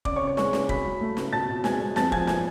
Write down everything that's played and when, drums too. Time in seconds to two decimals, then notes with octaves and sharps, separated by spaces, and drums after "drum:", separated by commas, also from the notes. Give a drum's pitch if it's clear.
0.05 C#3 D5 D6, drum: kick
0.16 C#5 C#6
0.21 C#3
0.27 C#5 C#6
0.37 G#3 C#5 C#6, drum: snare
0.53 C#3, drum: snare
0.69 F#3 B5 B6, drum: kick
0.85 F#3
1.01 A3
1.17 C#3, drum: snare
1.33 B2 A5 A6
1.49 B2
1.64 G#3 G#5 G#6, drum: snare
1.81 G#3
1.96 F2 A5 A6, drum: snare
2.12 F3 G#5 G#6, drum: kick
2.27 G#5 G#6, drum: snare